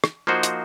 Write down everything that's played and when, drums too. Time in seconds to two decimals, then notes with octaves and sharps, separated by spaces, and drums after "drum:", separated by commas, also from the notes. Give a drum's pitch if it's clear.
0.04 drum: rim click
0.27 F3 A#3 D#4 F#4 C5
0.43 drum: hi-hat